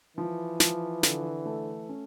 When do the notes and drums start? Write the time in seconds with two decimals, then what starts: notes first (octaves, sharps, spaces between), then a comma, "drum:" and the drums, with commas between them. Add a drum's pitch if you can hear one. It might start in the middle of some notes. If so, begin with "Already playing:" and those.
0.17 E3 F3
0.60 F3, drum: snare
1.03 D3, drum: snare
1.46 A3
1.89 C#4